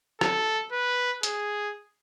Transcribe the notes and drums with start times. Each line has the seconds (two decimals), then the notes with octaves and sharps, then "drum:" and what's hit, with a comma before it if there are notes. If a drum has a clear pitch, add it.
0.21 A4, drum: rim click
0.72 B4
1.23 G#4, drum: hi-hat